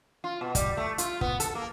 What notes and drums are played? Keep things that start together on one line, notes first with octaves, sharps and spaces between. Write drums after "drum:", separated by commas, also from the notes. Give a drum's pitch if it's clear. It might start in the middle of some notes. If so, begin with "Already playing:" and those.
F4
B2
G3, drum: kick, hi-hat
A3
F4, drum: hi-hat
B3, drum: kick
A4, drum: hi-hat
A#3